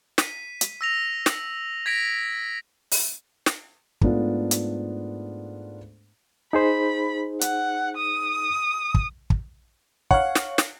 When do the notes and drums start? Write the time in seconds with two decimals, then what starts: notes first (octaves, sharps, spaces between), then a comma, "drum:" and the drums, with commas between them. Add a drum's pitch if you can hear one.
0.18 B6 D#7, drum: snare
0.61 drum: hi-hat
0.81 E6 A#6 F7
1.26 F#7, drum: snare
1.86 G#6 A#6 B6 D7 F7
2.91 drum: open hi-hat
3.46 drum: snare
4.01 G#2 A3 B3 D4 F4, drum: kick
4.51 drum: hi-hat
6.53 D#4 G#4 C5 B5
7.41 F#5, drum: hi-hat
7.97 D#6
8.94 drum: kick
9.30 drum: kick
10.11 C#5 F5 F#5, drum: kick
10.35 drum: snare
10.58 drum: snare